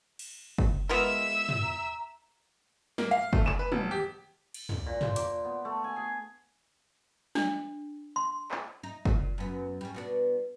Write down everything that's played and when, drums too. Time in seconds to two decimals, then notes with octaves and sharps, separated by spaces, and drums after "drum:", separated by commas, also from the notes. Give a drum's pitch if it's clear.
0.19 drum: cymbal
0.58 drum: kick
0.89 G#3 B3 F4 A#4 E5 E6
1.49 drum: tom
1.64 A#5
2.98 A#3, drum: snare
3.11 F5
3.33 A3, drum: kick
3.46 E7, drum: clap
3.59 B4
3.72 E1, drum: tom
3.91 G4
4.54 drum: cymbal
4.69 drum: tom
4.86 A#2
5.01 C5, drum: tom
5.16 D6, drum: hi-hat
5.45 B3
5.65 A3
5.84 G#5
5.96 G#4
7.35 D4, drum: snare
8.16 C6
8.51 drum: clap
8.83 D#4
9.05 A#2, drum: kick
9.38 F#2 B3
9.81 G3 C#4
9.94 B2 B3 D4